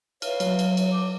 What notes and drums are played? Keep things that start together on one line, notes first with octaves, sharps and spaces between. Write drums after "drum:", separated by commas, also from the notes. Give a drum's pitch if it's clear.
B4 C#5 E5 F5 F6, drum: cymbal
F#3, drum: cymbal
drum: cymbal
drum: cymbal
D6